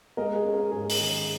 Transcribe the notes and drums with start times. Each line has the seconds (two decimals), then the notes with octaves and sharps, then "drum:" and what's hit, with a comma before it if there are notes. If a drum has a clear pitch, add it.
0.17 G#3 A#4 D#5
0.35 G#4
0.44 C#4
0.54 A#4
0.71 G#2 G#4
0.89 drum: open hi-hat
0.99 D#3 G#4